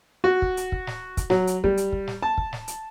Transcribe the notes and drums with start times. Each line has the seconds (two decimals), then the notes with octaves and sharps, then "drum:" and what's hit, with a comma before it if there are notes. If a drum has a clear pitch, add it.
0.24 F#4
0.42 drum: kick
0.57 drum: hi-hat
0.72 drum: kick
0.87 drum: snare
1.17 drum: kick, hi-hat
1.30 F#3, drum: snare
1.47 drum: hi-hat
1.64 G3, drum: kick
1.77 drum: hi-hat
1.92 drum: kick
2.07 drum: snare
2.22 A5
2.38 drum: kick
2.53 drum: snare
2.68 drum: hi-hat